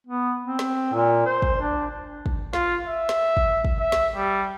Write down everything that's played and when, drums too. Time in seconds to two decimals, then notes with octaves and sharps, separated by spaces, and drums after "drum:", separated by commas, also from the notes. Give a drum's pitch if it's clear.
0.07 B3
0.43 C4
0.59 drum: snare
0.93 A#2
1.26 C5
1.42 drum: kick
1.61 D4
2.26 drum: kick
2.53 F4, drum: snare
2.88 E5
3.09 drum: snare
3.37 drum: kick
3.65 drum: kick
3.80 E5
3.92 drum: snare
4.16 G3